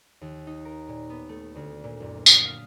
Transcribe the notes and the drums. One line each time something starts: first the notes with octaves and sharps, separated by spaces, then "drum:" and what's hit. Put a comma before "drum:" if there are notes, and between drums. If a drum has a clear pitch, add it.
D#2
D#4
A#4
A#2
B3
A3
D2
A#2
F#1
D#6, drum: tambourine
F5